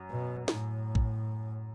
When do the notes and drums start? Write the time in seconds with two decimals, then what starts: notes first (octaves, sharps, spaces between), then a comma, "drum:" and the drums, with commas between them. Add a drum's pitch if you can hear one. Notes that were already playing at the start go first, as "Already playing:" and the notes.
Already playing: F#2
0.10 B2
0.48 A2, drum: snare
0.95 drum: kick A1